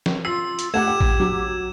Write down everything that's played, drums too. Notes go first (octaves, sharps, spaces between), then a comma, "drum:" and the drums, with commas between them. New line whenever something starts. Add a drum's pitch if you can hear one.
drum: snare
F4 E6 C7
drum: hi-hat
A3 G4 F#5 G#6 E7
G5
drum: kick
F#3